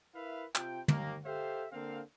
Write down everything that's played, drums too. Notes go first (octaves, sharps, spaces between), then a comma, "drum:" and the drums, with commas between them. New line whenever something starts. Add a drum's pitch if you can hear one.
E4 A#4 B4 E5 F5
C3 F4 G5, drum: clap
D#2 A#3, drum: tom
G4 A4 C5 E5 F5
D3 A#3 C4 F5